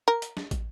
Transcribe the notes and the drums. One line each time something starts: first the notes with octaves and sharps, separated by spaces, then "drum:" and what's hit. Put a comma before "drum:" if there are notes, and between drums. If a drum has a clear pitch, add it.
A#4
drum: hi-hat
drum: snare
drum: kick, hi-hat